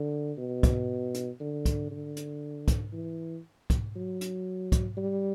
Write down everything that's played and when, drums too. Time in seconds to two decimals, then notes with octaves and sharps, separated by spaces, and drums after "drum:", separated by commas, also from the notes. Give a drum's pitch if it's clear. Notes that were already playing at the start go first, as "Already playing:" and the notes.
Already playing: D3
0.38 B2
0.63 drum: kick, hi-hat
1.14 drum: hi-hat
1.40 D3
1.66 drum: kick, hi-hat
1.91 D3
2.17 drum: hi-hat
2.68 drum: kick, hi-hat
2.93 E3
3.70 drum: kick, hi-hat
3.96 F#3
4.21 drum: hi-hat
4.72 drum: kick, hi-hat
4.97 G3